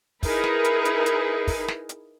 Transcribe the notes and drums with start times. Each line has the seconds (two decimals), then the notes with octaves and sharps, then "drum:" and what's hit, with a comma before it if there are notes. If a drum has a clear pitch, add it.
0.23 D#4 E4 G#4 A#4 B4, drum: kick, open hi-hat
0.44 drum: snare
0.64 drum: hi-hat
0.85 drum: hi-hat
1.06 drum: hi-hat
1.48 drum: kick, open hi-hat
1.68 drum: snare
1.89 drum: hi-hat